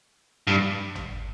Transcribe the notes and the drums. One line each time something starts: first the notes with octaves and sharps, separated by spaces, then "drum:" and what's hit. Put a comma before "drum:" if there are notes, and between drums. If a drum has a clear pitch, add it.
G2
drum: tom